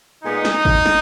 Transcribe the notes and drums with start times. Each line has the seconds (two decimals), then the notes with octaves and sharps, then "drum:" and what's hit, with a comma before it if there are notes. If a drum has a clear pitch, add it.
0.24 A#2 G#3 B3 D#4
0.45 drum: snare
0.65 drum: kick G1
0.86 drum: snare